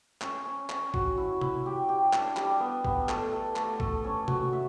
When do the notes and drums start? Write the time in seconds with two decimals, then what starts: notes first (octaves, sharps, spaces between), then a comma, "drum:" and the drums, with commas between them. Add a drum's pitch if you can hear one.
0.21 C#4, drum: clap
0.45 C#4
0.69 C#4, drum: clap
0.94 F#4, drum: kick
1.17 E4
1.41 E4, drum: tom C3
1.66 G4
1.89 G4
2.13 D4, drum: clap
2.37 G3, drum: clap
2.60 B3
2.85 B3, drum: kick
3.09 A3, drum: clap
3.32 A3
3.56 A3, drum: clap
3.80 A3, drum: kick
4.04 C#4
4.28 F#4, drum: tom C3
4.53 E5